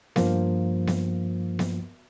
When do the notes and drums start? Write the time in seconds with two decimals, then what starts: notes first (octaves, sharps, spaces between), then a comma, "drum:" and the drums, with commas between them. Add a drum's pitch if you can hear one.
0.16 G2 F3 A#3, drum: snare B3
0.87 drum: snare B3
1.59 drum: snare B3